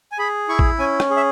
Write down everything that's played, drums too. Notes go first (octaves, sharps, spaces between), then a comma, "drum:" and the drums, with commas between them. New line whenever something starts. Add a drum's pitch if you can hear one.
G#5
G#4 B5
E4 C#6
drum: kick
C#4 G#5
drum: rim click
G#4
E5